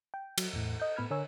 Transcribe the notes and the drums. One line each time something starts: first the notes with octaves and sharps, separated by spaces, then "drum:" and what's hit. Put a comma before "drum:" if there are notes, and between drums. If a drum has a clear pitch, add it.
G5
F#3, drum: cymbal
E2 A2
D#5 G6
A2 B3 B5 F6 G#6
D3 A#4 C#5 G#5 E6